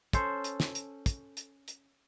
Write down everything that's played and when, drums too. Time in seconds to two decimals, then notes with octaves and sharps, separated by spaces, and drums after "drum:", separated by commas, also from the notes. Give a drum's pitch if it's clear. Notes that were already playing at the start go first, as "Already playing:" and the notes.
0.13 C#4 A4 C5, drum: kick, hi-hat
0.44 drum: hi-hat
0.60 drum: snare
0.75 drum: hi-hat
1.06 drum: kick, hi-hat
1.37 drum: hi-hat
1.68 drum: hi-hat